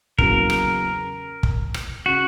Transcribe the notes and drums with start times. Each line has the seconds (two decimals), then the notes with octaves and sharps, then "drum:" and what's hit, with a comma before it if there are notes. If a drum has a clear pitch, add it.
0.18 E2 C#3 F#3 A#3 A#4, drum: kick
0.50 drum: rim click
1.43 drum: kick
1.74 drum: rim click
2.06 C#3 F#4